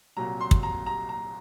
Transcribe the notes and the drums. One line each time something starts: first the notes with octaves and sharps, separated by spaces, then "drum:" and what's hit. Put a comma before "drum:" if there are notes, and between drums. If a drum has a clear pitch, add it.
C2 A#2 F#3 A#5
C6
drum: kick
A#5
A#5
A#5